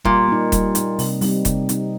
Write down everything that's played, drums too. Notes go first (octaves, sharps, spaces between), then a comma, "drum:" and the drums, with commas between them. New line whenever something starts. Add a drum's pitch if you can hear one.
A#2 G3, drum: kick E1
A#3 D#4
G3, drum: kick E1, hi-hat
A#3 D#4, drum: hi-hat
C3, drum: open hi-hat
G3 C4 D#4, drum: open hi-hat
C3, drum: kick E1, hi-hat
G3 C4 D#4, drum: hi-hat